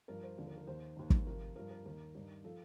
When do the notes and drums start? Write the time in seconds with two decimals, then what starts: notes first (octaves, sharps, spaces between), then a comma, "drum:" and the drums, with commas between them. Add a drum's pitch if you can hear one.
0.08 G2 F3 A#4
0.23 C5
0.38 D#2 D3 F3
0.47 A#4
0.57 A#4
0.67 D#2 D#3 C5
0.96 D#2 D#3
1.10 drum: kick
1.26 F2 C3 F3 A#4
1.56 G2 F3 A#4
1.70 A#4
1.85 D#2 D#3 A#4
2.15 G2 D#3
2.44 F3 A4